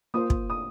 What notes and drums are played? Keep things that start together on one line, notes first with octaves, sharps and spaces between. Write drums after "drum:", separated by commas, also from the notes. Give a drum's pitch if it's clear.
A#3 F4 C5 D#6
drum: kick
D#6